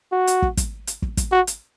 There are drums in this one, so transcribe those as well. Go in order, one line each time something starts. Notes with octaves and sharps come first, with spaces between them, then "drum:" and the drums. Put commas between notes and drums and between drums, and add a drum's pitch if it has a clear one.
F#4
drum: hi-hat
drum: kick
drum: kick, hi-hat
drum: hi-hat
drum: kick
drum: kick, hi-hat
F#4
drum: hi-hat